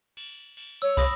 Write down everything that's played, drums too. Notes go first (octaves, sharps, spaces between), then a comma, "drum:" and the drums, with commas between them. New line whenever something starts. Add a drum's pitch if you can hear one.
drum: cymbal
drum: cymbal
C#5 E6
B5 D#6 A#6, drum: kick, cymbal